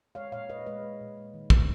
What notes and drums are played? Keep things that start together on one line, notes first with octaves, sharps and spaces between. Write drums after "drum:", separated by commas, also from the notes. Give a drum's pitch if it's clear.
G#3 C#5 F5
A#2 C#5 F5
A#2 B4 D#5
G#3 B4 D#5
G#3
A#2
G#3
D#3
D#3, drum: kick